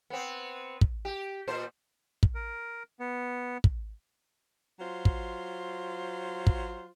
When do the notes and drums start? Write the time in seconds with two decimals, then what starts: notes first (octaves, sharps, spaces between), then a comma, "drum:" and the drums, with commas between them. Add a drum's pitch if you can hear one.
0.10 B3 C4
0.81 drum: kick
1.05 G4
1.48 A#2 C5
2.23 drum: kick
2.35 A#4
2.99 B3
3.64 drum: kick
4.80 F#3 F4 C5
5.05 drum: kick
6.47 drum: kick